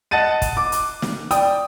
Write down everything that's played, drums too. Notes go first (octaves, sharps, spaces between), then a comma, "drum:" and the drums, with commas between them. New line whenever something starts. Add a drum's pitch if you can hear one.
D#5 F#5 A5 F#6 A6 D#7
drum: kick, hi-hat
D6
drum: hi-hat
drum: snare
D5 G5 D#6, drum: hi-hat